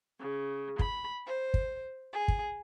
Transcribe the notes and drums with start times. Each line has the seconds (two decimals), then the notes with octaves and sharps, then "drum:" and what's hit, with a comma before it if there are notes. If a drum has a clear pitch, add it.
0.21 C#3
0.79 B5, drum: kick
1.25 C5
1.54 drum: kick
2.13 G#4
2.28 drum: kick